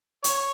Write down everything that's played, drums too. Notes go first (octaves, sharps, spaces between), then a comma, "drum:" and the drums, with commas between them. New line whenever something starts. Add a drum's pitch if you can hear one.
C#5, drum: hi-hat